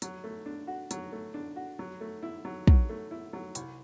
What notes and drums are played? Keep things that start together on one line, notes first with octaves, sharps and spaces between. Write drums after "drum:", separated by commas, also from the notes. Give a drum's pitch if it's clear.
F#3, drum: hi-hat
A3
D4
F#4
F#3, drum: hi-hat
A3
D4
F#4
F#3
A3
E4
F#3
F#3, drum: kick
A3
E4
F#3
C2, drum: hi-hat